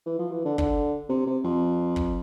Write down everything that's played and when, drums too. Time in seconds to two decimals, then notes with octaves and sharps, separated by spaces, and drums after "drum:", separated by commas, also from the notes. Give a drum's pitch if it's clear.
0.06 E3
0.19 F3
0.31 E3
0.45 D3
0.58 D3, drum: kick
1.09 C3
1.26 C3
1.44 F2
1.96 drum: kick